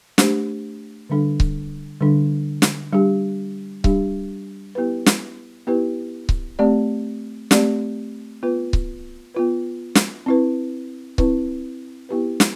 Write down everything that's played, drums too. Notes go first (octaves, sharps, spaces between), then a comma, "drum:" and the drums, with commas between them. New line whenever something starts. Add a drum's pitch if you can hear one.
A3 D4 G4 C5, drum: snare
D3 G3 D4 A4
drum: kick C#1
D3 G3 D4 A4
drum: snare
G3 D4 G4
G3 D4 G4, drum: kick C#1
B3 E4 G4 B4
drum: snare
B3 E4 G4 B4
drum: kick C#1
A3 C4 G4 D5
A3 C4 G4 D5, drum: snare
B3 F4 B4
drum: kick C#1
B3 F4 B4
drum: snare
C4 E4 B4
C4 E4 B4, drum: kick C#1
B3 E4 G4 B4
drum: snare